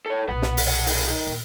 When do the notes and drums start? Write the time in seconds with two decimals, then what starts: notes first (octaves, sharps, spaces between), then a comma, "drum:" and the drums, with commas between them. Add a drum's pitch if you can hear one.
0.06 A4 C#5
0.28 B1 A#2 B4 F#5
0.42 drum: snare
0.57 drum: open hi-hat
0.68 G3 F#5
0.87 D#3 G#4, drum: open hi-hat
1.08 D#3
1.27 D#2 A#2